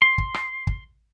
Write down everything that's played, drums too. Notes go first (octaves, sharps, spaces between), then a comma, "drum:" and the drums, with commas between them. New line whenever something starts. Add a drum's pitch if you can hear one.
C6
drum: kick
drum: rim click
drum: kick